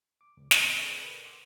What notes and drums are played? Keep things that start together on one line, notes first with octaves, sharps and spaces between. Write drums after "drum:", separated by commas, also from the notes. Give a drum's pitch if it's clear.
D6
C#2
B2 D3 A3 C4, drum: snare
G#4 A4 B4 C5 D5 G5
A#4 B4
F#5 C6 D6 E6